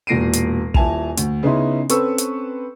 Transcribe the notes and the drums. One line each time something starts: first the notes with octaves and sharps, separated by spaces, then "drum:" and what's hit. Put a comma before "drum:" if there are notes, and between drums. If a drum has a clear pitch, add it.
E1 A#2 A#6 C7 D7 D#7
drum: hi-hat
D#1 E4 G#5 A5 F7, drum: kick
D2, drum: hi-hat
C#3 B3 C#4 D#4 E4 C6
C4 C#4 A4 B4 C#6 E6, drum: hi-hat
drum: hi-hat